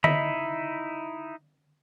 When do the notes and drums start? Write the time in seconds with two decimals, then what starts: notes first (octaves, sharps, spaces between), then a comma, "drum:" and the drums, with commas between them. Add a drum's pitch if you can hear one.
0.04 D#4 E4 D#5 E5 B5, drum: tom D3